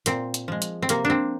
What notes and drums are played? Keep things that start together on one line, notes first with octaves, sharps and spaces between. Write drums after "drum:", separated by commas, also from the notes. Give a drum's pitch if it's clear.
A#2 C4, drum: hi-hat
drum: hi-hat
F3 G#3
drum: hi-hat
C4
C3 A#3, drum: hi-hat
D4
C4